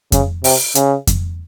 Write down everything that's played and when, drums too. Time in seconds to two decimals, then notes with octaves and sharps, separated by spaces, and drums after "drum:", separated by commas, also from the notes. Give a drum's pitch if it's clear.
0.12 C#3, drum: kick F2, hi-hat
0.44 C3, drum: open hi-hat
0.75 C#3, drum: hi-hat
1.07 drum: kick F2, hi-hat